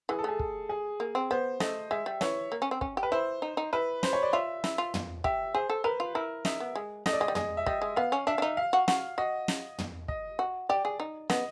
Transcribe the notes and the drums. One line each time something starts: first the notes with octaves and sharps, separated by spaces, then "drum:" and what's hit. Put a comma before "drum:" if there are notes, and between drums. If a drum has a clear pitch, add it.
E3 G#4
A4
A3 G#4
drum: kick
G#4
A#3
C4
B3 C5
A3 D#5, drum: snare
G#3 E5
G3
E3 C#5, drum: snare
A#3
C#4
C4
C#4, drum: kick
G4
B4
E4 C5
D#4
D#4
E4 B4
C5, drum: snare
C#5
D5
F4 E5
E4, drum: snare
F4
drum: tom
G4 E5, drum: kick
G#4 C5
A4
A#4 B4
F4
E4 A#4
D#4 E5, drum: snare
B3
G#3
A3 D#5, drum: snare
D5
G#3 D#5
G3
G#3 D#5, drum: tom
E5
G3 D#5, drum: kick
G#3
B3 F5
C#4
D4 E5
D4
D#4
F5
F#4
F#4, drum: snare
F#4 D#5
drum: snare
drum: tom
D#5, drum: kick
F#4
G4 D5
G#4
D#4
B3 D#5, drum: snare